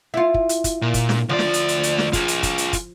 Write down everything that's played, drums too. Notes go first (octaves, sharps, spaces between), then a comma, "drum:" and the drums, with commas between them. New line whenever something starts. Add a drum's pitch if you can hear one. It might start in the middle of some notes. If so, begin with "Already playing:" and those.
E4 F4
drum: kick
drum: hi-hat
drum: kick, hi-hat
A#2
drum: kick, hi-hat
drum: snare
D2 F3 D5
drum: snare
drum: hi-hat
drum: hi-hat
drum: hi-hat
drum: snare
F4 G#4, drum: kick, hi-hat
drum: hi-hat
drum: kick, hi-hat
drum: hi-hat
drum: kick, hi-hat